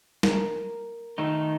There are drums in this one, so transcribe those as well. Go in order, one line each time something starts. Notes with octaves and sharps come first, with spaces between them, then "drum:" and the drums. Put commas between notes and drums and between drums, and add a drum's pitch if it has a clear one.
A#4, drum: snare
D#3 A3 D#4